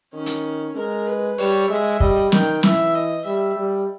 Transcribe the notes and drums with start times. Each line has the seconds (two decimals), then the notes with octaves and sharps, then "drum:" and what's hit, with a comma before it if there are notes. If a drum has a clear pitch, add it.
0.14 D#3 C#4
0.26 drum: hi-hat
0.76 G#3 A#4
1.07 B4
1.38 G3 C#5, drum: open hi-hat
1.70 G#3 E5
2.00 G3 D#5, drum: kick
2.32 D#3 G5, drum: snare
2.63 E3 E5, drum: snare
2.94 D#5
3.25 G3 E5
3.57 G3